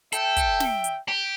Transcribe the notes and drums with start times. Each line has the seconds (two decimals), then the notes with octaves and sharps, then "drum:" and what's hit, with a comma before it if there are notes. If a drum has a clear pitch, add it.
0.12 A4 E5 G5, drum: hi-hat
0.37 drum: kick, hi-hat
0.60 drum: snare
0.84 drum: hi-hat
1.08 G4